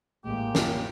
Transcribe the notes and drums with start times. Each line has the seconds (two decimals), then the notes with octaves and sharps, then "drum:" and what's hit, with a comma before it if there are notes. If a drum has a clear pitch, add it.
0.25 A1 G#3 A#3 G4
0.55 drum: snare